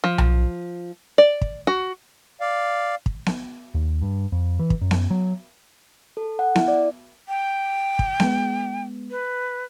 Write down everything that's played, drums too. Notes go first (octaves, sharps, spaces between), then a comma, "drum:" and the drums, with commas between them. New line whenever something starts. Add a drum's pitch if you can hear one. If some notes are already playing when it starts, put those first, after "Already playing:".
F3
drum: tom B1
D5
drum: kick
F#4
D5 F5
drum: kick
drum: snare B3
D#2
G2
F2
E3
drum: kick
F#2
drum: snare B3
F#3
A4
F#5
E4, drum: snare B3
D5
G5
drum: kick
G#3 B3, drum: snare B3
B4